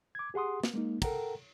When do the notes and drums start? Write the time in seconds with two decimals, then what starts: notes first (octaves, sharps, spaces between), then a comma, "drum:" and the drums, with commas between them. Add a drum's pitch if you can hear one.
0.15 D6 G#6
0.34 G4 G#4 F#5 C6 D#6
0.63 drum: snare
0.74 G#3 A#3 D#4
1.02 A4 A#4 F#5 G5 A#5, drum: kick, cymbal